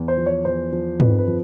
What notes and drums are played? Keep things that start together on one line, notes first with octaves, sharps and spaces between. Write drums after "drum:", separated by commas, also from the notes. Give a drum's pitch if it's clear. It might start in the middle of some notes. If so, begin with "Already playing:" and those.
Already playing: E2
C5
F3
C#5
E2 C5
F3
F2 B4, drum: tom
B4
F3